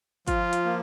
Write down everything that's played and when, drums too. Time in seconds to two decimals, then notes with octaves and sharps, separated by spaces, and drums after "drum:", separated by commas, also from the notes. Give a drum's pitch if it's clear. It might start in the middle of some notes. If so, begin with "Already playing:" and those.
0.27 F3 F4, drum: kick, hi-hat
0.53 drum: hi-hat
0.65 A#3